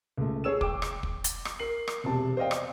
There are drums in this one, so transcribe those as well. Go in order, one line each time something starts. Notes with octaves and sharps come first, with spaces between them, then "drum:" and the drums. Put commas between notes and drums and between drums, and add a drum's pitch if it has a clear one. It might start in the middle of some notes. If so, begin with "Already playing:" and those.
C#2 A3
G#4 C#5 E6 E7
G5 D6, drum: kick
drum: rim click
drum: kick
drum: hi-hat
drum: rim click
A#4 C7 F#7
drum: rim click
E1 C3 A5
C5 D5 D#5 F5 G5
drum: rim click